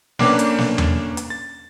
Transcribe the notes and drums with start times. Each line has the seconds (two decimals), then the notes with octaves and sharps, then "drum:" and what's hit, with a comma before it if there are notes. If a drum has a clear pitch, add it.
0.19 A3 A#3 C#4 D4 B4, drum: snare
0.39 drum: hi-hat
0.58 drum: snare
0.78 drum: tom E2
1.17 drum: hi-hat
1.30 A6